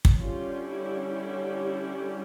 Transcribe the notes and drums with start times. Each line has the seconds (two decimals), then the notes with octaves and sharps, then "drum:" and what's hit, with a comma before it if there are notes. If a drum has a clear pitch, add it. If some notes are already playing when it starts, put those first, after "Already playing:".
0.05 drum: kick
0.21 D3 G3 C#4 F4
0.68 E4
1.16 E4
1.64 E4